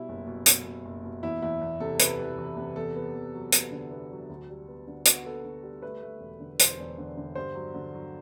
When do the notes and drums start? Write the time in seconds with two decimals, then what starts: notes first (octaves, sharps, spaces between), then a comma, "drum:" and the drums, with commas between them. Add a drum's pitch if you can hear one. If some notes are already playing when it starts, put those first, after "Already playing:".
Already playing: B2 G3 E4
0.09 F#1
0.27 B2
0.46 B2, drum: hi-hat
0.65 B2
0.85 F#1
1.04 B2
1.23 E2 E4
1.42 E2 E4
1.61 E2
1.80 C3 A4
2.00 C3 B4, drum: hi-hat
2.19 E3
2.38 E3
2.57 C3
2.76 E2 A4
2.96 B3
3.14 E2
3.34 F#3
3.52 B3, drum: hi-hat
3.72 D3
3.91 B3
4.11 F#3
4.30 D2
4.49 G3
4.68 B3
4.88 D3
5.06 B3 F#4, drum: hi-hat
5.25 B3 A4
5.45 D3
5.63 G3
5.82 A3 B4
6.03 A3
6.21 E1
6.40 D3
6.60 E1 C5, drum: hi-hat
6.79 E1
6.98 D3
7.18 D3
7.35 G2 C5
7.55 F#3
7.74 D3
7.94 F#3